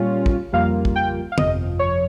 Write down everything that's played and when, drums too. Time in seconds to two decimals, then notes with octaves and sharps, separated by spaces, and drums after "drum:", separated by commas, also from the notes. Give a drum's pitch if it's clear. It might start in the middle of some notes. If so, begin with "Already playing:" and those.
Already playing: A#2 G3 C#4 F4
0.26 drum: kick
0.52 F2 C#3 G3 A#3 F4 F5
0.85 drum: kick
0.96 G5
1.32 F5
1.38 G1 F2 C3 F3 D#5, drum: tom
1.79 C#5